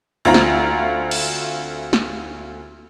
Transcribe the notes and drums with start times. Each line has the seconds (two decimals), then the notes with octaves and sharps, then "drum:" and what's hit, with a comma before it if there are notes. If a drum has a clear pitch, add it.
0.25 D2 A3 C4 F4 A#5
0.34 drum: snare
1.11 drum: cymbal
1.93 drum: snare